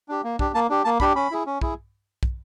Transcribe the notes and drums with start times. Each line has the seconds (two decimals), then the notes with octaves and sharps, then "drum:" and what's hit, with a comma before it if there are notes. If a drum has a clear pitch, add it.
0.09 D4 G4
0.24 A#3
0.39 D4 G4, drum: kick
0.55 A#3 A5
0.70 D4 G4
0.85 A#3 A5
1.00 D4 G4 B5, drum: kick
1.15 C#4 B5
1.31 E4 G#4
1.46 C#4
1.61 E4 G#4, drum: kick
2.23 drum: kick